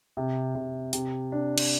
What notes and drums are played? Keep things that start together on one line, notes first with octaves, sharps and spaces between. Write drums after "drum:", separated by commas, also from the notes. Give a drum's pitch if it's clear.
C3
C3
C3, drum: hi-hat
D4
drum: cymbal